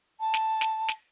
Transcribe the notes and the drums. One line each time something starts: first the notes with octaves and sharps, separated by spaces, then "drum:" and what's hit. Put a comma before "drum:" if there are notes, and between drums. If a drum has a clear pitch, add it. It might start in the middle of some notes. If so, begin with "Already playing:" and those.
A5
drum: snare
drum: snare
drum: snare